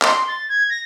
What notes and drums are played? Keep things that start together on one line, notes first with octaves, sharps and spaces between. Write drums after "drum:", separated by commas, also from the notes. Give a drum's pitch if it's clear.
C6, drum: clap
A6
G#6
A#6